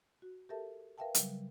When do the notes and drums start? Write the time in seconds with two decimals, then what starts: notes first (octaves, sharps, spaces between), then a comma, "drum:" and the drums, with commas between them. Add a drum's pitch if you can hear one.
0.22 F#4
0.49 G4 A4 A#4 E5 A5
0.98 A#4 B4 E5 F5 G5 A5
1.15 C#3 F#3 G3, drum: hi-hat